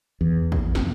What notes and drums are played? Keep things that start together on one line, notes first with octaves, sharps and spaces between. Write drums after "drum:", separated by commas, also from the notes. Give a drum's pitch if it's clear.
E2
drum: kick A1
F1, drum: snare